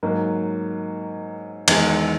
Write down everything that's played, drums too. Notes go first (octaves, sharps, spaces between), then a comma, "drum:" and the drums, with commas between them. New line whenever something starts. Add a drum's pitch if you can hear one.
G#2 F#3 A#3
E2 D#3 G#3, drum: cymbal